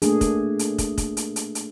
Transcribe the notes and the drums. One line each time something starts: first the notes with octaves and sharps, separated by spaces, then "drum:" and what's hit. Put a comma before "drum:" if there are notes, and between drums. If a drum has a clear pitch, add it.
A3 A#3 D4 G#4, drum: hi-hat
drum: kick, hi-hat
drum: hi-hat
drum: kick, hi-hat
drum: kick, hi-hat
drum: hi-hat
drum: hi-hat
drum: hi-hat